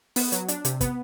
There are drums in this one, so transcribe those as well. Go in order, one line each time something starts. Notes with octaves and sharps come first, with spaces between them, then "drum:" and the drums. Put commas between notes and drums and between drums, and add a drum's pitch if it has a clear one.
B3, drum: open hi-hat
F#3, drum: hi-hat
D4, drum: hi-hat
C3, drum: hi-hat
B3, drum: kick, hi-hat